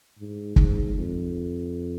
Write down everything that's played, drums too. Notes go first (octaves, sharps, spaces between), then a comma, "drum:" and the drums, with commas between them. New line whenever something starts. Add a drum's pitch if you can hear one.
G#2
G#2, drum: kick
F2